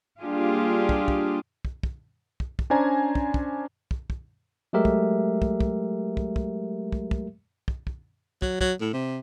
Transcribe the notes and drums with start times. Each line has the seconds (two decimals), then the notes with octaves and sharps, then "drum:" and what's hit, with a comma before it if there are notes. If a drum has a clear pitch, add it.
0.21 G3 A#3 D4 F4 G4 G#4
0.89 drum: kick
1.08 drum: kick
1.65 drum: kick
1.83 drum: kick
2.40 drum: kick
2.59 drum: kick
2.70 C#4 D4 C5 D5 G#5 A#5
3.15 drum: kick
3.34 drum: kick
3.91 drum: kick
4.10 drum: kick
4.73 F#3 G#3 A3 G4 A#4 E5
4.85 drum: kick
5.42 drum: kick
5.60 drum: kick
6.17 drum: kick
6.36 drum: kick
6.92 drum: kick
7.11 drum: kick
7.68 drum: kick
7.87 drum: kick
8.42 F#3, drum: kick
8.61 F#3, drum: kick
8.81 A2
8.93 C3